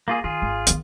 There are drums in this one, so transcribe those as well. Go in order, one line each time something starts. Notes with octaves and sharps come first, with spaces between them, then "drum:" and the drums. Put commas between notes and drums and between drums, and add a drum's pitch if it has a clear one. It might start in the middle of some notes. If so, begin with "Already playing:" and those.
A#3 F4 G#4
D#3 F4 G#4
G#1
D#3 B3, drum: hi-hat